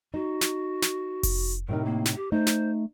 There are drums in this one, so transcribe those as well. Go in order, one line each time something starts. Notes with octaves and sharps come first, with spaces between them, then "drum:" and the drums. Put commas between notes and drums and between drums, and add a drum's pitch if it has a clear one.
D#4 F#4
drum: snare
drum: snare
drum: kick F1, open hi-hat
A2 C3 D#4 A#4
A#3
drum: snare
G4
A3 D#4 C5
drum: snare